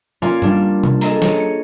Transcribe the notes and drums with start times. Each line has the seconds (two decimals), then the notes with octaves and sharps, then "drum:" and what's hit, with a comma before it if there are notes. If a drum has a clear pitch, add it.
0.22 A#3 C#4 F4 D5 F5 G#5
0.42 G3 D4, drum: tom G2
0.84 drum: tom
1.01 G#4 A4 D#5 A#5, drum: open hi-hat
1.22 C#5 D#7, drum: snare
1.40 C#7